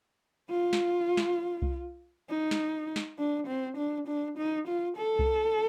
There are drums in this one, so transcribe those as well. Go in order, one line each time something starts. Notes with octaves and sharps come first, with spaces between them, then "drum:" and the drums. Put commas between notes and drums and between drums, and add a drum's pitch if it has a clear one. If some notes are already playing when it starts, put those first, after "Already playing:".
F4
drum: snare
drum: snare
drum: kick C2
D#4
drum: snare
drum: snare
D4
C4
D4
D4
D#4
F4
A4
drum: kick C2